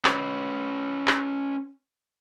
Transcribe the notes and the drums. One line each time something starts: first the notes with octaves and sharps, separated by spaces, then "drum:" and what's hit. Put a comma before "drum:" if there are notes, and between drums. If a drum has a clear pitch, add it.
C#4 B4, drum: clap
drum: clap